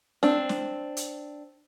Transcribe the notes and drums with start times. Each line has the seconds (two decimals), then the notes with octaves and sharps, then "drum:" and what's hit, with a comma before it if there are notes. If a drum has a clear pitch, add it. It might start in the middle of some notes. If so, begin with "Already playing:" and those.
0.23 C4 D4, drum: snare
0.49 drum: snare
0.97 drum: hi-hat